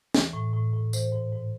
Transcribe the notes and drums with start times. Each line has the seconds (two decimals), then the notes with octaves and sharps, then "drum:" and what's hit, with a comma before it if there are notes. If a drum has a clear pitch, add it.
0.14 E3, drum: snare
0.33 A2
0.54 A2
0.73 A2
0.93 E3 C5, drum: tambourine
1.12 G#2
1.33 G#2